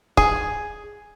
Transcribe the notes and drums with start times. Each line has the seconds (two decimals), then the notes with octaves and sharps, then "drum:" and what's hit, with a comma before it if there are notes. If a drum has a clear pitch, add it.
0.17 G#4, drum: kick